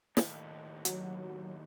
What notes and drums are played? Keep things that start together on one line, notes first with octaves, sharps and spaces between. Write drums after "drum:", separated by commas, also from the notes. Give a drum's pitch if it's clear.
D#2 A2, drum: snare
F#3, drum: hi-hat